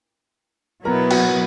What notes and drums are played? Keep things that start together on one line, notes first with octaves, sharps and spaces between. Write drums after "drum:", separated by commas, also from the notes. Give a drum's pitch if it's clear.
B2 F#3 B3 E4 A#4 A#5
F#4 F#5, drum: cymbal